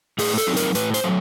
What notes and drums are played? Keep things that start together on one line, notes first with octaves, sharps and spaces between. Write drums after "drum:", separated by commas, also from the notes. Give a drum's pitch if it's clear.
A2 G#4, drum: open hi-hat
A4, drum: hi-hat
F#3 A3 C4 D#4
A#4, drum: hi-hat
A2 B4, drum: hi-hat
C5, drum: hi-hat
F#3 A3